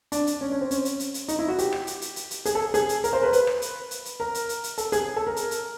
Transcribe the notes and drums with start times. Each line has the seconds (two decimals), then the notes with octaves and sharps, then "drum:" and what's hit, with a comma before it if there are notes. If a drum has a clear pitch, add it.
0.12 D4, drum: hi-hat
0.27 drum: hi-hat
0.41 C#4
0.52 C#4
0.61 C4
0.71 C#4, drum: hi-hat
0.85 drum: hi-hat
1.00 drum: hi-hat
1.14 drum: hi-hat
1.28 D#4, drum: hi-hat
1.39 E4
1.48 F#4
1.58 G4, drum: hi-hat
1.72 drum: rim click
1.87 drum: hi-hat
2.02 drum: hi-hat
2.16 drum: hi-hat
2.31 drum: hi-hat
2.45 G#4, drum: hi-hat
2.55 A4
2.74 G#4, drum: hi-hat
2.89 drum: hi-hat
3.04 A#4, drum: hi-hat
3.13 C5
3.23 B4
3.33 B4, drum: hi-hat
3.47 drum: rim click
3.62 drum: hi-hat
3.91 drum: hi-hat
4.05 drum: hi-hat
4.20 A#4
4.35 drum: hi-hat
4.49 drum: hi-hat
4.64 drum: hi-hat
4.78 A4, drum: hi-hat
4.92 G#4, drum: hi-hat
5.16 A4
5.27 A#4
5.36 drum: hi-hat
5.51 drum: hi-hat